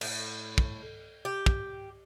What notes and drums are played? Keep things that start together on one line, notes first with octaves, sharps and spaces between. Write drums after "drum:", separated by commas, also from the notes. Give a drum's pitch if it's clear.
A2, drum: cymbal
drum: kick
G4
drum: kick